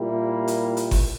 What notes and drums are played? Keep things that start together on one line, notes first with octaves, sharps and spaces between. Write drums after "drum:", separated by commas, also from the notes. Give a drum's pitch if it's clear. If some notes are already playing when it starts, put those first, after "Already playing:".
Already playing: A#2 G3 A#3 E4 G4
drum: hi-hat
drum: hi-hat
drum: kick G1, open hi-hat